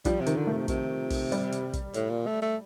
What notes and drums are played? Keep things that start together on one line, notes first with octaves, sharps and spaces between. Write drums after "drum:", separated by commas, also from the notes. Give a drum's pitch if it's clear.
F3 G3, drum: kick, hi-hat
C3
D#3, drum: hi-hat
D3
A3
C3
C3, drum: kick, hi-hat
drum: kick, open hi-hat
G3, drum: hi-hat
drum: hi-hat
drum: kick, hi-hat
A2, drum: hi-hat
A#2
A3
A3